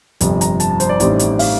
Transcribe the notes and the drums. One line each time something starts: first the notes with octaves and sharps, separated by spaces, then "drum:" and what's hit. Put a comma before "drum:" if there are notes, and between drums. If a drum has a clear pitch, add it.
G1 F2 C3, drum: hi-hat
A#5, drum: hi-hat
A5, drum: hi-hat
A5
C5, drum: hi-hat
D5
A1 A2 G3 C4 D#4, drum: hi-hat
drum: hi-hat
F5, drum: open hi-hat